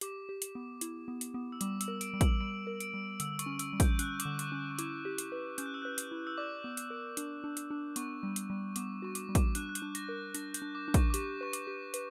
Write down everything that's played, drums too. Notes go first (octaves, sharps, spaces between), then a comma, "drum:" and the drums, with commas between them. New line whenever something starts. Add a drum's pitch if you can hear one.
G4 D6, drum: hi-hat
G4
drum: hi-hat
B3
E4, drum: hi-hat
B3
drum: hi-hat
B3
E6
G3 D6, drum: hi-hat
E6, drum: hi-hat
A#4
D7, drum: hi-hat
G3
F#7, drum: kick, hi-hat
G3 D7
A#4
D7, drum: hi-hat
G3
D3 E6, drum: hi-hat
C#6, drum: hi-hat
C#4
E6, drum: hi-hat
G3
G6, drum: kick, hi-hat
C#4 F#6, drum: hi-hat
D6, drum: hi-hat
D3
C#6, drum: hi-hat
C#4
C#6
E4 D6, drum: hi-hat
G4
drum: hi-hat
B4
C#4 G6, drum: hi-hat
F#6
E6
B4 F#6
drum: hi-hat
E4
E6
D5 D6
B3
drum: hi-hat
A#4
D4, drum: hi-hat
D4
drum: hi-hat
D4
B3 C#6, drum: hi-hat
G3
drum: hi-hat
G3
B3 D6, drum: hi-hat
F#4 C#6
D6, drum: hi-hat
G3
D6, drum: kick, hi-hat
D4 F#6, drum: hi-hat
F#6
G6, drum: hi-hat
D4
A#6, drum: hi-hat
A#4
D4 A#6, drum: hi-hat
G6, drum: hi-hat
D4
D6
D4
C#6, drum: kick, hi-hat
D6
G4 C#6, drum: hi-hat
B4 C#6
D6, drum: hi-hat
G4
B4, drum: hi-hat